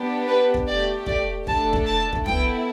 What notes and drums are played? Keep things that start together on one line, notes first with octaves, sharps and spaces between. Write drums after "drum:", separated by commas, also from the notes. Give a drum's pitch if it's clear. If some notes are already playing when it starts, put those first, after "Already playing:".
Already playing: B3 D4 G4
B4
drum: kick
A3 G4 D5
D5, drum: kick
A3 D4 A4 A5, drum: kick
drum: kick
A5
drum: kick
B3 E4 A4 G5, drum: tom